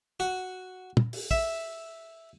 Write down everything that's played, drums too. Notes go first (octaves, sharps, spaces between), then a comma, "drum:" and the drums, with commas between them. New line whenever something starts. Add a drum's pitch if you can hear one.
F#4
drum: tom
drum: open hi-hat
E5, drum: kick